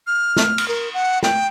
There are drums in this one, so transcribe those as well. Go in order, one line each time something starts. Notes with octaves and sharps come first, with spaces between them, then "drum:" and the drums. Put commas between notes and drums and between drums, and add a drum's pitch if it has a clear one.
F6
drum: snare
drum: cymbal
A#4
F#5
G5, drum: snare